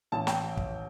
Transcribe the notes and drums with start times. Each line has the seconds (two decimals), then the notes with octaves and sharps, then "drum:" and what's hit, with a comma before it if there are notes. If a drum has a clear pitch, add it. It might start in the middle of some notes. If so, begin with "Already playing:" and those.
0.12 A1 A5
0.27 G5, drum: snare
0.57 drum: kick